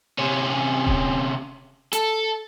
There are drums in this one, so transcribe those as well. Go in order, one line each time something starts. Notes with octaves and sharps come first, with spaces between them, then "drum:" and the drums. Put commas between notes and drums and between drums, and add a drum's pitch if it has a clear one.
C3 C#4
drum: kick D#1
A4, drum: hi-hat